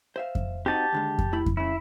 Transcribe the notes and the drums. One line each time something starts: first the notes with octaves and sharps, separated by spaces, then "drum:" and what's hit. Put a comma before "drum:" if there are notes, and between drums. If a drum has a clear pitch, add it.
C5 E5 F5
drum: kick F2
C4 D#4 F#4 G4 A5
D#2 D3 G#3
drum: kick F2
A2 E4 B5
drum: kick F2
C#2 C#3 E4